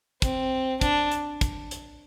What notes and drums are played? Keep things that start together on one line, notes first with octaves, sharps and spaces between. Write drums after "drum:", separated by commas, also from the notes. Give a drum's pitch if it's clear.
C4, drum: kick, hi-hat
D4, drum: kick, hi-hat
drum: hi-hat
drum: kick, hi-hat
drum: hi-hat